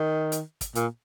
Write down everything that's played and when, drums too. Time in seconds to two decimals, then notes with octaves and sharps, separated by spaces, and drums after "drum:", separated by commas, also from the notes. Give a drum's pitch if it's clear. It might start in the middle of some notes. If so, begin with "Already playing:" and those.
Already playing: D#3
0.32 drum: hi-hat
0.61 drum: kick, hi-hat
0.75 A#2, drum: hi-hat